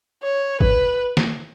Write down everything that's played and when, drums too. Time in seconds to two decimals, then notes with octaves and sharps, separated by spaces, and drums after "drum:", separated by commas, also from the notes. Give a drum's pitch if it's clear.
0.23 C#5
0.61 B4, drum: kick
1.17 drum: snare